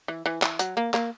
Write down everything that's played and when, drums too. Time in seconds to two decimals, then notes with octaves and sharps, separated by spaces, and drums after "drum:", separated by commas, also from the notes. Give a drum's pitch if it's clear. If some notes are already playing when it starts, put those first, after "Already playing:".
0.08 E3
0.26 E3
0.42 E3, drum: clap
0.59 F#3, drum: hi-hat
0.77 A#3
0.94 A#3, drum: clap